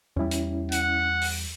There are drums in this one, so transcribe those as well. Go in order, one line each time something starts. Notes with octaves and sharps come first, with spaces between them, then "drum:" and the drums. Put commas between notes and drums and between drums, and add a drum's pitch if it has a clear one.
E2 G3 C#4 E4
drum: hi-hat
F#5, drum: hi-hat
drum: open hi-hat